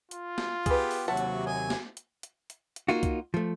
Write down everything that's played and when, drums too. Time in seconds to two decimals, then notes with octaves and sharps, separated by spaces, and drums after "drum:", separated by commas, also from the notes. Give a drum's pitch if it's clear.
0.11 F4, drum: hi-hat
0.38 drum: snare
0.66 B3 G4 G#4 B4, drum: kick C2, hi-hat
0.91 drum: open hi-hat
1.08 D#2 C3 F#3 F#4 E5 F#5 A5
1.17 drum: hi-hat
1.47 D#5 G#5
1.70 drum: snare
1.97 drum: hi-hat
2.23 drum: hi-hat
2.50 drum: hi-hat
2.76 drum: hi-hat
2.88 A#3 D#4 F4 F#4
3.03 drum: kick C2, hi-hat
3.34 F3 A3